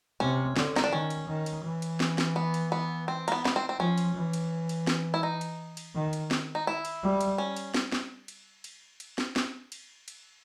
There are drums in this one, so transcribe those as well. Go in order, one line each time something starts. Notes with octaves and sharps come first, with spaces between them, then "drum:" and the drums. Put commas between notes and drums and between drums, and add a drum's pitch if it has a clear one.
C3 C#4
D3, drum: snare
D#4, drum: snare
D4
D#3 C#4
drum: cymbal
D#3
drum: cymbal
E3
drum: cymbal
drum: snare
drum: snare
B3
drum: cymbal
B3
C4
A#3, drum: cymbal
B3
B3, drum: snare
C4
C4
F3 C#4
drum: cymbal
E3
drum: cymbal
drum: cymbal
drum: snare
E4
D#4
drum: cymbal
drum: cymbal
D#3
drum: cymbal
drum: snare
D#4
E4
drum: cymbal
G3
drum: cymbal
C#4
drum: cymbal
drum: snare
drum: snare
drum: cymbal
drum: cymbal
drum: cymbal
drum: snare
drum: snare
drum: cymbal
drum: cymbal